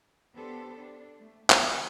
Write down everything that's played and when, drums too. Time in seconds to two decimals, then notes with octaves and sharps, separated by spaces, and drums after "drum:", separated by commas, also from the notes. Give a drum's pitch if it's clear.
0.34 B3 D4 G4 A4 C5
0.74 D4
1.18 A3
1.50 D3, drum: clap